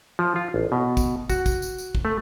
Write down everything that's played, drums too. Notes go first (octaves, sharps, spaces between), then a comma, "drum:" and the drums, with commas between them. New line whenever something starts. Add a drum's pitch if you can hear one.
F3
F4
A1
B2
drum: kick, tambourine
F#4, drum: kick, tambourine
drum: kick, tambourine
drum: tambourine
drum: tambourine
drum: kick
A3